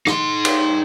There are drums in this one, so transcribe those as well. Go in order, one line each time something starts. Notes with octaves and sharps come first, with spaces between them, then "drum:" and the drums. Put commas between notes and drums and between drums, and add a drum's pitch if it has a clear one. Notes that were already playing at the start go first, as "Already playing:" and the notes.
D#4 C6, drum: rim click
drum: cymbal